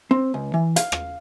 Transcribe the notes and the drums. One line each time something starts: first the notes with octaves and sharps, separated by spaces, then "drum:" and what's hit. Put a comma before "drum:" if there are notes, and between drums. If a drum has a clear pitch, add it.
C4
C#2
E3
F5, drum: hi-hat
drum: rim click